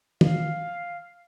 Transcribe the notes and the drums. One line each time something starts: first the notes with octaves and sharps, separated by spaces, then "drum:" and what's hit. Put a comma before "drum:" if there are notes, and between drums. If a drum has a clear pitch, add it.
F5, drum: tom